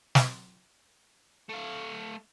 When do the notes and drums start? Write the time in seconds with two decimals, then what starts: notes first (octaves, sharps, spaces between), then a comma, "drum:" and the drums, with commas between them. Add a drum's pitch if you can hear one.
0.15 drum: snare
1.49 A3 F5